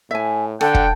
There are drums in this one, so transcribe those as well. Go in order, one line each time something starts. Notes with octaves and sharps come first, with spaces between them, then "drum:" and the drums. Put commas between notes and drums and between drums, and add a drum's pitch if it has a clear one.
A2 E5 G#5
D3 A4 F#5 G5, drum: rim click
drum: kick